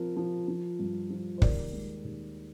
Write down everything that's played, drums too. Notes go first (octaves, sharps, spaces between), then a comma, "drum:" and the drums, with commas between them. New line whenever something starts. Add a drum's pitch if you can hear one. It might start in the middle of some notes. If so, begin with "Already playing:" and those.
Already playing: F3 C4 A#4
F3
F3
G2
F3
C5
D#2 A#4 D5, drum: kick
G#3
D#2